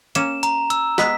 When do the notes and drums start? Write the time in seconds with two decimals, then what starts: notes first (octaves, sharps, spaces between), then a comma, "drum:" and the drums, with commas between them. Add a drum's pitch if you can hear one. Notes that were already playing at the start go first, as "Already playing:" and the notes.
0.15 A#3 C#4 E7, drum: hi-hat
0.43 A#5, drum: hi-hat
0.70 E6, drum: hi-hat
0.98 G#3 B3 B6, drum: snare